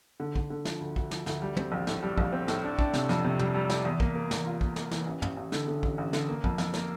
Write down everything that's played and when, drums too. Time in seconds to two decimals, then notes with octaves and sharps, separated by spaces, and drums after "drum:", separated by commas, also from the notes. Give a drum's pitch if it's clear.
0.20 D3
0.36 D3, drum: kick
0.50 D3
0.65 F3, drum: snare
0.81 D2
0.96 D2, drum: kick
1.11 F3, drum: snare
1.26 D2, drum: snare
1.42 G3
1.57 C4, drum: tom
1.72 A#1
1.87 A2, drum: snare
2.03 G3
2.18 A#1, drum: kick
2.32 C4
2.48 A2, drum: snare
2.64 D4
2.79 D4, drum: kick
2.93 C3, drum: snare
3.09 F2, drum: snare
3.24 C3
3.39 G3, drum: tom
3.55 G3
3.70 G3, drum: snare
3.85 E2
4.00 A#3, drum: kick
4.15 A#3
4.31 E2, drum: snare
4.46 F4
4.61 A#3, drum: kick
4.76 A#3, drum: snare
4.91 E3, drum: snare
5.07 A1
5.22 A1, drum: tom
5.37 A1
5.52 D3, drum: snare
5.68 D3
5.83 A1, drum: kick
5.98 A1
6.13 D3, drum: snare
6.29 A#3
6.44 F2, drum: kick
6.58 F2, drum: snare
6.74 A#3, drum: snare